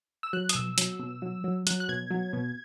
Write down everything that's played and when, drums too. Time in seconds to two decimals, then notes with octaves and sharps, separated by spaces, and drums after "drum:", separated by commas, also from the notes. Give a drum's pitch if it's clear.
0.23 E6
0.33 F#3 F#6
0.49 D#6, drum: hi-hat
0.55 B2 E6
0.78 F#3, drum: hi-hat
0.99 B2
1.22 F#3
1.44 F#3
1.67 F#3 F#6, drum: hi-hat
1.80 F#6
1.89 B2 G#6
2.11 F#3
2.33 B2